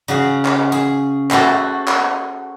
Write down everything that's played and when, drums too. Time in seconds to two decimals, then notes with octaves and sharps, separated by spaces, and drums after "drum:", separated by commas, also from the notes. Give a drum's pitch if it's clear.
0.08 C#3 F#4 G#4
0.45 drum: clap
0.72 G#4, drum: hi-hat
1.31 F#4 A4 C5 E5, drum: clap
1.88 drum: clap